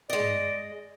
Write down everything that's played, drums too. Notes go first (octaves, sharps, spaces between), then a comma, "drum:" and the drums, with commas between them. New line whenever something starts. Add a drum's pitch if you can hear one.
G#3 D5 D#5
drum: tom